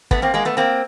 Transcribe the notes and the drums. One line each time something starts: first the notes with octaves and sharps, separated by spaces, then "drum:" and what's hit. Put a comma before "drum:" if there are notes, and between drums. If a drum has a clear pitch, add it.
A3 B3, drum: kick
A#3 C4
G#3 A#3
A3 B3
A#3 C4